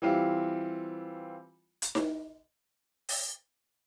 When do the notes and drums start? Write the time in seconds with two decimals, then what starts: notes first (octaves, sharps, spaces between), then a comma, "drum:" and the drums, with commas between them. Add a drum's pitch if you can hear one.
0.02 E3 G3 C4 F4
1.82 drum: hi-hat
1.95 drum: snare D#4
3.09 drum: open hi-hat